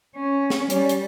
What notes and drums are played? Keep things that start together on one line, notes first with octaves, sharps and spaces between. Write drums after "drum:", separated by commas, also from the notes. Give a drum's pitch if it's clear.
C#4
drum: snare
G3 C#4, drum: hi-hat
drum: hi-hat